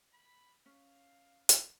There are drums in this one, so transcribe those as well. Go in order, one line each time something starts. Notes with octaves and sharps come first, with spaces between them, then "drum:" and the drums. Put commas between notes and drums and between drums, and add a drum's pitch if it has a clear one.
B5
C#4 F5
drum: hi-hat